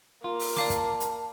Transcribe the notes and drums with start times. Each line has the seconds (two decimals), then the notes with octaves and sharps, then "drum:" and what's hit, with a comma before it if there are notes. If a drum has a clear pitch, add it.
0.24 A#3 F4
0.39 drum: open hi-hat
0.56 D5 F5 A5 D6, drum: snare
0.70 drum: kick, hi-hat
1.00 drum: hi-hat